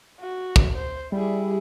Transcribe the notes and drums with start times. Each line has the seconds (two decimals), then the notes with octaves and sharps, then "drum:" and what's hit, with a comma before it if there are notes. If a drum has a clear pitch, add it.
0.20 F#4
0.56 drum: kick
0.75 C5
1.12 G3 E4 G#4